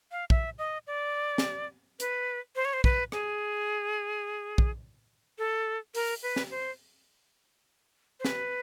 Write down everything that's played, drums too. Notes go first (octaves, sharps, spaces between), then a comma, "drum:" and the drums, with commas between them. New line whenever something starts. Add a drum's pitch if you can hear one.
F5
E5, drum: kick
D#5
D5
drum: snare
B4, drum: hi-hat
C5
C#5
C5
B4, drum: kick
G#4, drum: rim click
drum: kick
A4
A#4, drum: open hi-hat
B4
drum: snare
C5
C5
B4, drum: snare